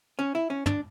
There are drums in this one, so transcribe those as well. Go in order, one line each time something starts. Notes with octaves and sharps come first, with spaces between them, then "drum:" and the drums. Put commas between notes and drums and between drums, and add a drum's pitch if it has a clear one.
C#4
E4
C#4
D4, drum: tom